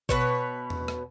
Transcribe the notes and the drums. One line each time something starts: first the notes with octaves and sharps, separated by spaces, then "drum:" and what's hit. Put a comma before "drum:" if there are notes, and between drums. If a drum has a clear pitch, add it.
B2 B4 C#5, drum: kick G#1
drum: tom E2
drum: rim click